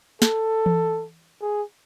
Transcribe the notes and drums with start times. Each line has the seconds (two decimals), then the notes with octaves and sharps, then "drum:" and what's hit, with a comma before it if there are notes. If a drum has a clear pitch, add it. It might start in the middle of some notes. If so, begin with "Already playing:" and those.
0.22 A4, drum: snare
0.66 drum: tom E3
1.41 G#4